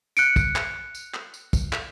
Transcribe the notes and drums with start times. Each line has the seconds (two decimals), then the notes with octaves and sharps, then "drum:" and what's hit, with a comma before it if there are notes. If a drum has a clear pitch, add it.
0.17 F#6 C#7 D7, drum: tambourine
0.36 drum: kick, tambourine
0.56 drum: clap
0.95 drum: tambourine
1.14 drum: clap
1.34 drum: tambourine
1.53 drum: kick, tambourine
1.73 drum: clap